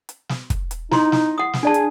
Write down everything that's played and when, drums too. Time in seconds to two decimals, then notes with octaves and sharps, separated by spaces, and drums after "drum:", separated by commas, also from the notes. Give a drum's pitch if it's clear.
0.09 drum: hi-hat
0.29 drum: snare
0.50 drum: kick, hi-hat
0.71 drum: hi-hat
0.91 D#4 E4 C5 C6, drum: snare
1.12 drum: snare
1.38 F#5 D#6
1.54 drum: snare
1.63 D4 G#4 D5 A5
1.74 drum: hi-hat